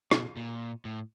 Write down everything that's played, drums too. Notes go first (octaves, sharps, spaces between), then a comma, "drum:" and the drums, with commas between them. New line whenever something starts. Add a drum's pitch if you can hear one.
B2, drum: rim click
A#2
A2